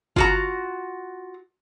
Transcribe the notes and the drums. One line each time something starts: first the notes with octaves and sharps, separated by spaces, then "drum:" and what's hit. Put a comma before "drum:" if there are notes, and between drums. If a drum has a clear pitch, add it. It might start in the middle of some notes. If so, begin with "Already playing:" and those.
F4 F#4 A#5, drum: kick G1